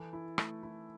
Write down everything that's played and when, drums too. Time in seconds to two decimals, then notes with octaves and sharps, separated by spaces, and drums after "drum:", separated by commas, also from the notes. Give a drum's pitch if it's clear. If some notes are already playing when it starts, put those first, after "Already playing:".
Already playing: E3 A4
0.13 E4
0.38 A3, drum: rim click
0.63 E4